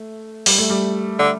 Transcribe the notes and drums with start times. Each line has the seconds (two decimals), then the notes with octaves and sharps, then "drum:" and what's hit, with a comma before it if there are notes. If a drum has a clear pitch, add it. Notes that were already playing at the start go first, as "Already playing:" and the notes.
Already playing: A3
0.46 G3, drum: open hi-hat
0.58 A3
0.70 G3
1.19 D3